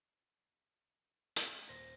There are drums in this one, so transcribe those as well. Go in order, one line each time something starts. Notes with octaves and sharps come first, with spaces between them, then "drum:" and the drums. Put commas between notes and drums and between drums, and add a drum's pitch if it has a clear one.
drum: hi-hat
D#1 C5 A#6